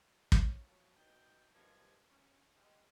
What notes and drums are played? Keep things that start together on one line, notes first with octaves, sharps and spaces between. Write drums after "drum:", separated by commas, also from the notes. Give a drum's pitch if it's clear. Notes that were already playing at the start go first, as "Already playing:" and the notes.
G#2 C#4, drum: kick
F3 F#3
B2 D#4 G5
G2 C3 D#3 F3 G#5
C#4
G3 G#3